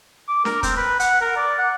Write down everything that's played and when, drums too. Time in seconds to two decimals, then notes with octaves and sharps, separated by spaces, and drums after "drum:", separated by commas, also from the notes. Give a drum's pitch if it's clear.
0.29 D6
0.45 A#4, drum: snare D4
0.63 C4, drum: kick, hi-hat
0.77 B4
1.00 F#5, drum: hi-hat
1.21 A#4
1.37 D5
1.58 F#5